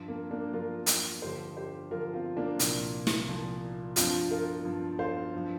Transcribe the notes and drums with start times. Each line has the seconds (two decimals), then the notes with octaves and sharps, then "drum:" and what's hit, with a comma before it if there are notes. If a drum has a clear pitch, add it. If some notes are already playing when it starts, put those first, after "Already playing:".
Already playing: G2 F3
0.08 A#3
0.31 A#3 D4
0.53 G2 F3 F4 A#4
0.86 drum: hi-hat
1.22 G2 D3 F3 G4 C5
1.57 G4 C5
1.91 G2 D3 F3 F4 A#4
2.14 C4 F4
2.37 A#3 D4
2.59 C2 A#2 F3, drum: hi-hat
3.07 drum: snare
3.28 C2 A#2 F3
3.96 G2 F3 C4 F4, drum: hi-hat
4.31 F4 A#4
4.65 G2 F3
4.99 C5 F5
5.33 G2 F3